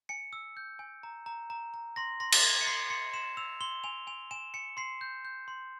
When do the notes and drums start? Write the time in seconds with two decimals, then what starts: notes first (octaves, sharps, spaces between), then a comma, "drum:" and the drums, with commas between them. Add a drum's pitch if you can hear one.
0.09 G#5 C#7
0.33 E6
0.57 G6
0.79 G#5
1.03 A#5
1.26 A#5
1.50 A#5
1.74 A#5
1.96 C6 A#6
2.20 C6 A#6
2.33 drum: cymbal
2.44 C6 G#6
2.61 C#7
2.67 C6 C7
2.90 C6 C#7
3.13 C6 E7
3.37 E6 F7
3.61 C6 G7
3.84 G#5 F7
4.07 G#5 F7
4.31 G#5 E7
4.54 G#5 C#7
4.77 C6 C7
5.01 G6
5.25 G6
5.48 C6